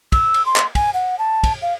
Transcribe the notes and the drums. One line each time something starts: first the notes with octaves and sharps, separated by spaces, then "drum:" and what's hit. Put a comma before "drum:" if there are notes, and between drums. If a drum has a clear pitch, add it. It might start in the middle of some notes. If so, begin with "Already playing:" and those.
E6, drum: kick, cymbal
drum: cymbal
C6
drum: clap
G#5, drum: kick, cymbal
F#5
A5
drum: kick, cymbal
F5